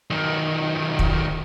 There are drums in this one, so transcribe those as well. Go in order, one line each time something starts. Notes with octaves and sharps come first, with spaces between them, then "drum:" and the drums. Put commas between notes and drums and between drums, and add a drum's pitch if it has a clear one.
B1 D#3
drum: kick